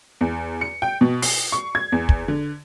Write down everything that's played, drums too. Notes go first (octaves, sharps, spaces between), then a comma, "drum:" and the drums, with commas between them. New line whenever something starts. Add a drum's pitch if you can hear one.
E2
C#7
G5
B2
C7, drum: open hi-hat
C#6
G#6
E2
drum: kick
D3